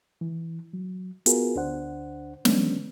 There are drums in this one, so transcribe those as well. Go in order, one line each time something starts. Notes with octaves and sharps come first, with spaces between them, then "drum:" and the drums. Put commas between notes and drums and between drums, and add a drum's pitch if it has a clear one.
E3
F#3
B3 F4 F#4 G#4 A#4, drum: hi-hat
D2 D4 C5 F#5
E3 F#3 G#3 B3 C#4 D4, drum: snare